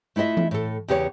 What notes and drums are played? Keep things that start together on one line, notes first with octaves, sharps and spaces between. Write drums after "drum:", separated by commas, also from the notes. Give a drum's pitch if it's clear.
A3 E4 F4 D#5 E5
drum: tom E3
A2 A4
E2 C#3 G4 A#4 C#5